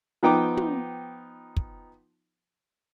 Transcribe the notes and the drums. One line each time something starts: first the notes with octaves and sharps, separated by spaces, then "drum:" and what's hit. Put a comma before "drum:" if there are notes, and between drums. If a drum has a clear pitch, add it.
F3 B3 D#4 G5 A#5 D6
drum: tom
drum: kick